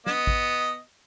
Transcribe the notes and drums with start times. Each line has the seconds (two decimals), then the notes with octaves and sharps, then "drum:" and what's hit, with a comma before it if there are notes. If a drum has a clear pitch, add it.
0.06 B3 D#5, drum: snare
0.27 drum: kick A1